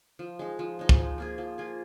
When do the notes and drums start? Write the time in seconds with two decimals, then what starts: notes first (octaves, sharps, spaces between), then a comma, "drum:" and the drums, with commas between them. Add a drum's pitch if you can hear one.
0.19 F3
0.39 G#3 D#4
0.59 F3
0.79 G#3 D#4
0.89 drum: kick
0.98 F3
1.18 A#3 F4 G#4
1.38 F3
1.58 A#3 F4 G#4